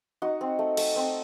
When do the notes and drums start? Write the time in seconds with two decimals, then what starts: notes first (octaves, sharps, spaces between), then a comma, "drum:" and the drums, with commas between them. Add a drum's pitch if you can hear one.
0.22 D#4 F#4
0.41 C4
0.59 A3
0.77 A3, drum: cymbal
0.96 C4